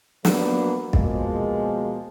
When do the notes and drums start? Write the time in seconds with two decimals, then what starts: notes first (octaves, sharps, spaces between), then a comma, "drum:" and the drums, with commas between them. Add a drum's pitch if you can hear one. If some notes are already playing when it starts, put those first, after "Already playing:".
0.25 F#3 A#3 B3 D4, drum: snare
0.93 B2 F3 G#3 A#3, drum: kick